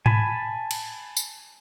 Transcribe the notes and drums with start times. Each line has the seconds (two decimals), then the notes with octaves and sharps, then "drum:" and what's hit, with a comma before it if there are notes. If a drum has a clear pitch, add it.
0.06 G#5 A5 B5, drum: tom G#2
0.71 drum: cymbal
1.17 drum: tambourine